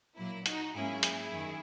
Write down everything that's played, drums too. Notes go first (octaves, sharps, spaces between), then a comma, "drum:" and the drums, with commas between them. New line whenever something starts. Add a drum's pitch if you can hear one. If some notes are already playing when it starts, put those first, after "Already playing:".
A#2 F#3 A#3 E4
D#4 F#4, drum: hi-hat
G#2 F#3 A#3 C#4 E4 G#4
drum: hi-hat
F#2 D#3